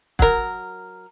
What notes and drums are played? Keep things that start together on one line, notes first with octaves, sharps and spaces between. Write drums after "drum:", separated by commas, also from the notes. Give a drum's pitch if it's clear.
F#3 A#4, drum: kick